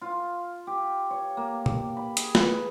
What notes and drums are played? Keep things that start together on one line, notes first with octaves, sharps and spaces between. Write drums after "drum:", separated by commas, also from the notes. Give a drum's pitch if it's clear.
F4
G4
C#5
A#3
drum: tom
B5
G#4, drum: hi-hat
B4, drum: snare